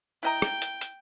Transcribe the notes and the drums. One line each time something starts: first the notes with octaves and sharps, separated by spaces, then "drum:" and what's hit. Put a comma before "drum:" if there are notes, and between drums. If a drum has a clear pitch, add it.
E4 D#5 G5 A#5
drum: rim click
drum: hi-hat
drum: hi-hat